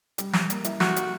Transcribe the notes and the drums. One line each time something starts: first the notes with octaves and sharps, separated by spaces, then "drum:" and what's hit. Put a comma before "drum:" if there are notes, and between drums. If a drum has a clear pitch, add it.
G3, drum: hi-hat
G3, drum: snare
A#3, drum: hi-hat
E4, drum: hi-hat
G3 F#4, drum: snare
G3, drum: hi-hat